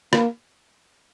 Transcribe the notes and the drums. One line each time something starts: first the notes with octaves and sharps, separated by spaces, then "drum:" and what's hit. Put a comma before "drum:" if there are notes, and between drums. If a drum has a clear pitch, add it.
A#3, drum: rim click